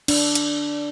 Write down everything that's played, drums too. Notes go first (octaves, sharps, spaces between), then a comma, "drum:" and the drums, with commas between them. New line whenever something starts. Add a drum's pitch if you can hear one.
D4, drum: cymbal
drum: hi-hat